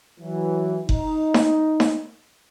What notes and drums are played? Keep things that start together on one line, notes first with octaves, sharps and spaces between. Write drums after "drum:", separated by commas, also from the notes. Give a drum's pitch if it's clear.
E3 F#3
D#4, drum: kick F#1
drum: snare D#4
drum: snare D#4